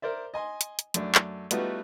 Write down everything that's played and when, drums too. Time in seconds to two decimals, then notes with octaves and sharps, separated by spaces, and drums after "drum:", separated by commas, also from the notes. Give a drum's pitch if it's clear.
0.02 A#4 C5 D5 E5
0.34 D#5 G#5 C6
0.61 drum: hi-hat
0.79 drum: hi-hat
0.94 F#2 A3 D4, drum: hi-hat
1.15 drum: clap
1.51 G3 A3 B3 D#4 F4 F#4, drum: hi-hat